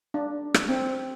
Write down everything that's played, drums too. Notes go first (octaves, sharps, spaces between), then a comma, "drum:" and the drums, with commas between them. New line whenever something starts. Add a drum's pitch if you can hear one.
D4
drum: rim click
C4